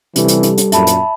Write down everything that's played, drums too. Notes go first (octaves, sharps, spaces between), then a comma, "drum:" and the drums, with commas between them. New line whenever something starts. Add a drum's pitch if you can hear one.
C3 E3 G3 A4, drum: hi-hat
drum: hi-hat
drum: hi-hat
drum: hi-hat
F#2 A#2 E5 A5 B5, drum: hi-hat
drum: hi-hat